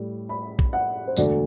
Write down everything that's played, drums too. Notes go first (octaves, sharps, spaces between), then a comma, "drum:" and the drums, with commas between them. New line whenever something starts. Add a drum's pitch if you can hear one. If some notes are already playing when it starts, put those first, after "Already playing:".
Already playing: A2 G3
B5
drum: kick
F#5
C5
E1 D2 D3 A3 D5, drum: tambourine